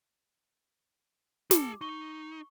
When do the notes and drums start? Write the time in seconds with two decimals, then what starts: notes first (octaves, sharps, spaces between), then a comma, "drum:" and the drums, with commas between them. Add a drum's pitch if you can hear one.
1.51 G#4 A5 D6, drum: snare
1.81 D#4 C#6 G7